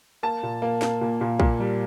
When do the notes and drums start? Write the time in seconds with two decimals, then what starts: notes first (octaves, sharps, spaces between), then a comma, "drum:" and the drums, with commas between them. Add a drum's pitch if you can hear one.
0.23 A#3 A5
0.43 A#2
0.62 A#3
0.82 A#3, drum: snare
1.01 A#2
1.21 A#2
1.40 A#2, drum: kick
1.60 G3